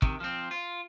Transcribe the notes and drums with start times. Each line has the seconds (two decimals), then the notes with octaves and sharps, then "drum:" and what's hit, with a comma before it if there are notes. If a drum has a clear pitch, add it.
0.02 C3 D#3, drum: kick
0.20 F3 C4
0.51 F4